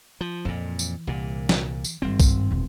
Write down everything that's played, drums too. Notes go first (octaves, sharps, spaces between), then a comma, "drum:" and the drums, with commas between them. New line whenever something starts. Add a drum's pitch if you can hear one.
F3
F2 A#2 E3
drum: tambourine
C2 A#2
drum: snare
drum: tambourine
G#1 G2 C4
drum: kick, tambourine
D#1 E2